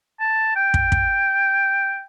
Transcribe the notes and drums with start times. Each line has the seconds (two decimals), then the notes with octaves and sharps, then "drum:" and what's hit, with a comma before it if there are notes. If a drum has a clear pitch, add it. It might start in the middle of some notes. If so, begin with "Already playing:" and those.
0.20 A5
0.56 G5
0.74 drum: kick
0.92 drum: kick